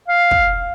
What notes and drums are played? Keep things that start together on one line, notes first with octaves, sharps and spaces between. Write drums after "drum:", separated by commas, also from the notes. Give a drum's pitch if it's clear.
F5
drum: kick